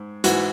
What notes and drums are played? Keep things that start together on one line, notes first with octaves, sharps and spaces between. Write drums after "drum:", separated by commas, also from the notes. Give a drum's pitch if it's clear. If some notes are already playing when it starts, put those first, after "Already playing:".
Already playing: G#2
G#2 E3 F#4, drum: hi-hat